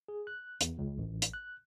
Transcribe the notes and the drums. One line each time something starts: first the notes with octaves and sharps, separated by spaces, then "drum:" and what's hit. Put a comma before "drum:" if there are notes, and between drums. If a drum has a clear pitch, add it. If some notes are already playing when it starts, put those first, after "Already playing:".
G#4
F#6
E2, drum: hi-hat
C#2
A1
drum: hi-hat
F#6